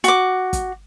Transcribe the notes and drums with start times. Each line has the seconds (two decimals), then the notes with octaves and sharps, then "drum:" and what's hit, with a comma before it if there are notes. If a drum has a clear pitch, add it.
0.04 F#4 D6, drum: hi-hat
0.53 drum: kick, hi-hat